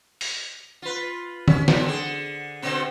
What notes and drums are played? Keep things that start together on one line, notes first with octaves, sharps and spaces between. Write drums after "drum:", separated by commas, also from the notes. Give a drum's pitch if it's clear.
drum: open hi-hat
F4 B4
C#4, drum: tom D#3
F#3 C4, drum: snare
D3 G#4
B2 D3 C4